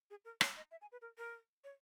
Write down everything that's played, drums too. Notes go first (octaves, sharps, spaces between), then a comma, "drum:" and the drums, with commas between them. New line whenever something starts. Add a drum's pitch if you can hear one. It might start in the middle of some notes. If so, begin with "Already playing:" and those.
G#4
A#4
C#5, drum: rim click
D#5
E5
G#5
B4
A#4
A#4
C#5